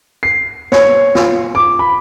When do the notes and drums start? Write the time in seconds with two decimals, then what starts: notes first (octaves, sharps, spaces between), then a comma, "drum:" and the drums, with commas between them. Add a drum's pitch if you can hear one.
0.23 C7
0.72 C#5, drum: snare
1.15 F4, drum: snare
1.55 D6
1.79 B5